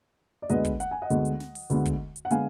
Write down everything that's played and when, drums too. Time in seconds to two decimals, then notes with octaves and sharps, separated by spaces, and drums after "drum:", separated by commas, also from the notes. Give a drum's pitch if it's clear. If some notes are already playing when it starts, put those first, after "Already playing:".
0.42 D5
0.49 D2 D3 G#3 B3 B4 D#5, drum: hi-hat
0.65 drum: kick, hi-hat
0.80 F#5, drum: hi-hat
0.91 G#5
1.02 D#5 F#5
1.10 D2 D3 G#3 B3, drum: hi-hat
1.25 drum: hi-hat
1.40 drum: snare
1.55 drum: open hi-hat
1.70 D2 D3 G#3 B3, drum: hi-hat
1.85 drum: kick, hi-hat
2.16 drum: hi-hat
2.25 F#5
2.30 D3 G#3 B3 F5 G#5, drum: hi-hat